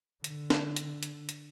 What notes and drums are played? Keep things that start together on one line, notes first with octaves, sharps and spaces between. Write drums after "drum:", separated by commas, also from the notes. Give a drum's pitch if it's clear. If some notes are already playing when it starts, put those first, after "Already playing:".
D3, drum: hi-hat
drum: snare
drum: hi-hat
drum: hi-hat
drum: hi-hat